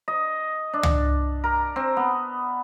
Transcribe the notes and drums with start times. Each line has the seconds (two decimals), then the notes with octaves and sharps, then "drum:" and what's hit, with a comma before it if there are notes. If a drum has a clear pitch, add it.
0.08 D#5
0.73 D4
0.83 drum: tom
1.44 A#4
1.76 C4
1.97 B3